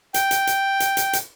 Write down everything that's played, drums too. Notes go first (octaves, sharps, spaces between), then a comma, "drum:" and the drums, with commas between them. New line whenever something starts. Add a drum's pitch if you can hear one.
G5, drum: hi-hat
drum: hi-hat
drum: hi-hat
drum: hi-hat
drum: hi-hat
drum: hi-hat